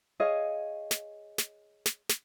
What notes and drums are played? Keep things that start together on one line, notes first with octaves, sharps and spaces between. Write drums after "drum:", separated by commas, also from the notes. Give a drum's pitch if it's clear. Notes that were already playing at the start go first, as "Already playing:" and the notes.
G#4 C#5 D#5 F5
drum: snare
drum: snare
drum: snare
drum: snare